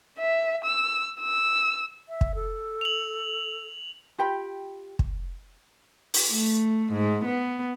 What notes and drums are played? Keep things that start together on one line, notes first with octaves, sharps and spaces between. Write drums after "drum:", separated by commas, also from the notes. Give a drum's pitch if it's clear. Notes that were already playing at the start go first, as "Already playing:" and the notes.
E5
E6
E6
E5
drum: kick
A4
F7 F#7
F4 G4 G5 B5
drum: kick
drum: open hi-hat
A3
G#2
B3